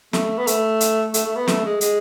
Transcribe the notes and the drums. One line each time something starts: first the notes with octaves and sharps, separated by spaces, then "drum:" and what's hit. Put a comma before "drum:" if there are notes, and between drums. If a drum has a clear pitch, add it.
A3, drum: snare
B3
A3, drum: hi-hat
drum: hi-hat
A3, drum: hi-hat
A3
B3
A3, drum: snare
G#3
G#3, drum: hi-hat